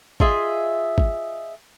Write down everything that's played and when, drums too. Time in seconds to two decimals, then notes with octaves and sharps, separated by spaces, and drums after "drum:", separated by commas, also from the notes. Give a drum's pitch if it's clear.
0.20 F4 G#4 D#5 E5, drum: kick
0.98 drum: kick